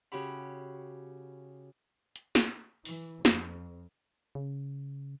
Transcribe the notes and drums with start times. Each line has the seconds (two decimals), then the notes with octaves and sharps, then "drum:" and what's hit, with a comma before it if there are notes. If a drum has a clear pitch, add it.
0.12 C#3 F#4 G4 B5
2.16 drum: hi-hat
2.35 drum: snare
2.85 E3, drum: open hi-hat
3.25 F2, drum: snare
4.35 C#3